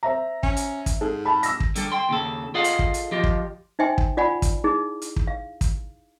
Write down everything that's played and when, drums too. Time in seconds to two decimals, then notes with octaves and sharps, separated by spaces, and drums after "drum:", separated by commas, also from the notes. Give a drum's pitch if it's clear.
0.03 C5 E5 A#5
0.43 C#4, drum: kick
0.57 drum: hi-hat
0.86 drum: kick, hi-hat
1.01 G#2 G#4 A4
1.25 A5 B5
1.43 E6 A#6, drum: hi-hat
1.60 drum: kick
1.76 D3 G3 A4, drum: hi-hat
1.92 G5 C6
2.09 D#2 C#3 A4
2.54 F4 G#4 A4 D#5 F5 F#5
2.64 drum: hi-hat
2.79 drum: kick
2.94 drum: hi-hat
3.11 F3 F4 G4 D#5
3.24 drum: kick
3.79 D#4 C5 E5 G5 G#5 C6
3.98 drum: kick
4.17 F4 D5 F#5 G#5 B5
4.42 drum: kick, hi-hat
4.64 D#4 E4 G#4
5.02 drum: hi-hat
5.16 drum: kick
5.27 F5
5.61 drum: kick, hi-hat